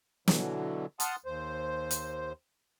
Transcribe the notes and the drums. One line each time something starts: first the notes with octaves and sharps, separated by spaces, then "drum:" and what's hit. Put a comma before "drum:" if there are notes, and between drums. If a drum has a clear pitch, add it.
B2 D3 E3 F#3, drum: snare
F#5 A5 C6 D#6 F6, drum: hi-hat
D#2 C5
drum: hi-hat